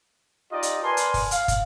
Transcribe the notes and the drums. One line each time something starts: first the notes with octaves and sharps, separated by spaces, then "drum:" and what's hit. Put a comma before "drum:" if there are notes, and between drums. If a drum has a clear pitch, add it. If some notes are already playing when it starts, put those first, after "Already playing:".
D#4 F4 G4 D5 D#5
drum: hi-hat
A#4 B4 D5 G#5 A5 C6
drum: hi-hat
drum: kick, open hi-hat
F5, drum: hi-hat
drum: kick, hi-hat